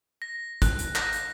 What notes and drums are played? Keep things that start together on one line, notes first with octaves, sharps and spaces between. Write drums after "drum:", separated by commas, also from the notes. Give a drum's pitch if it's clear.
A#6
F#6, drum: kick, hi-hat
drum: hi-hat
A#6, drum: clap
drum: hi-hat